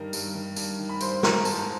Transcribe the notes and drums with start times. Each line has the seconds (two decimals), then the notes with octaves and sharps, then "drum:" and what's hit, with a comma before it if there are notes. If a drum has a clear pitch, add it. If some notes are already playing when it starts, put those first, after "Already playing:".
Already playing: G2 D#3 A#4 A#5
0.13 G2, drum: tambourine
0.35 D#3
0.56 G2, drum: tambourine
0.79 D#3
0.89 B5
1.01 G2 C5 C6, drum: tambourine
1.23 D#3 A#4 A#5, drum: snare
1.45 G#2 A5, drum: tambourine
1.59 A#5